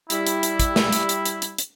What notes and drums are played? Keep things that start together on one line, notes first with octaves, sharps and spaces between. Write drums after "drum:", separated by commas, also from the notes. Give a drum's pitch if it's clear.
G3 E4, drum: hi-hat
drum: hi-hat
drum: hi-hat
drum: kick, hi-hat
drum: snare
drum: hi-hat
drum: hi-hat
drum: hi-hat
drum: hi-hat
drum: hi-hat